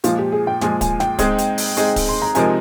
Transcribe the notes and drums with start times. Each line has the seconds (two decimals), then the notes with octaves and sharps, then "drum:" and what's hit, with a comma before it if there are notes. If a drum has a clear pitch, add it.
0.04 A#2 F3 G#3 F4, drum: hi-hat
0.19 G4
0.32 G#4
0.47 G5
0.61 A#2 F3 G#3 G#5, drum: snare
0.81 G#5, drum: kick, hi-hat
1.00 G5, drum: snare
1.19 G#3 C4 D#4 G#4, drum: kick, hi-hat
1.38 drum: hi-hat
1.58 drum: open hi-hat
1.77 G#3 C4 D#4 G#4, drum: hi-hat
1.96 drum: kick, open hi-hat
2.09 C6
2.22 A#5
2.35 C3 F3 G#3 D#4 A#4 G#5, drum: hi-hat